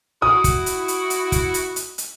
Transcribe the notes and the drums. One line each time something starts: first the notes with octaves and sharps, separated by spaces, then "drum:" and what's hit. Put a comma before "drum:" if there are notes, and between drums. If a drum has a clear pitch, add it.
E4 F#4 D#6
drum: kick, hi-hat
drum: hi-hat
drum: hi-hat
drum: hi-hat
drum: kick, hi-hat
drum: hi-hat
drum: hi-hat
drum: hi-hat